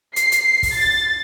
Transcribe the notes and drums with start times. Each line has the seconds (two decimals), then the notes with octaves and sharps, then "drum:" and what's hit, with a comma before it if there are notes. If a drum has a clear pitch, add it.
0.16 C7, drum: hi-hat
0.32 drum: hi-hat
0.63 drum: kick, open hi-hat
0.73 A6